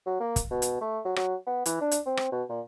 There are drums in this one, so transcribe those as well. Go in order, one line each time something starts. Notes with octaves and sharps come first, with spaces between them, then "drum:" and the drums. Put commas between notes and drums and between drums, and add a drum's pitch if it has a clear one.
F#3
A#3
drum: kick, hi-hat
B2
drum: hi-hat
A3
F#3
F#3, drum: rim click
B3
E3, drum: hi-hat
D4
drum: hi-hat
C4
drum: rim click
B2
A#2